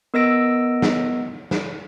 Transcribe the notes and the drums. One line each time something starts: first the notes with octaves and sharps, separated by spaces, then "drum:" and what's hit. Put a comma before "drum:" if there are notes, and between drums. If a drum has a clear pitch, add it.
B3 A#4 D#5 E6 A#6 D7
drum: snare
drum: snare